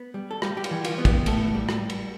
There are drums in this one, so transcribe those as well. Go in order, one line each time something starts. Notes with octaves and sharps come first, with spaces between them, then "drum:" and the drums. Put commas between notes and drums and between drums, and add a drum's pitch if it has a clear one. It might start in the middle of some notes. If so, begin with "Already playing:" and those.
Already playing: B3
G3
A4
G3 G4, drum: rim click
G4
F4, drum: cymbal
E3
F4, drum: cymbal
B3
G4, drum: kick, cymbal
A2 A3 A4, drum: cymbal
G3
drum: rim click
drum: cymbal